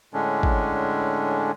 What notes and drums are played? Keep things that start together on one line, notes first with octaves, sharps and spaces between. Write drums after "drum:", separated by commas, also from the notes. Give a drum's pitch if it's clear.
A2 D3 G#3 C#4 D4
drum: kick